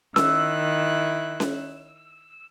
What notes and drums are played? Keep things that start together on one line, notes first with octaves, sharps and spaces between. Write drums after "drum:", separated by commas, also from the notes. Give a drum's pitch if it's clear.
D#3 E4 E6 F#6, drum: snare C#4
drum: snare C#4